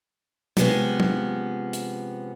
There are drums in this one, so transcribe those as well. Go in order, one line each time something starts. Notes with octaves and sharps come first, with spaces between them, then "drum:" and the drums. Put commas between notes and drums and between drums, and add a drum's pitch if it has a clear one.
C3 F3 G3 G#3 B3 C#4, drum: tom
drum: tom
drum: hi-hat